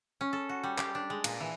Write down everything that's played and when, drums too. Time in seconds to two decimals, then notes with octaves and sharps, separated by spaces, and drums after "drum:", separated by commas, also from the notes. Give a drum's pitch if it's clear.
0.21 C#4
0.33 A4
0.49 F#4
0.63 G3
0.78 G4, drum: clap
0.95 D4
1.10 G#3
1.24 A#2, drum: cymbal
1.40 E3